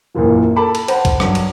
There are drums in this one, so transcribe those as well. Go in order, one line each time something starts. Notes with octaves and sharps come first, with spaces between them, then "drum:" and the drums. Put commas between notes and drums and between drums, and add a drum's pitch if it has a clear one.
A#1 F#2 A#2 E3 F3
A4 A5 B5 D6
drum: cymbal
C5 F#5 A5 B5, drum: cymbal
drum: kick A1, cymbal
G2 F#3, drum: rim click
drum: cymbal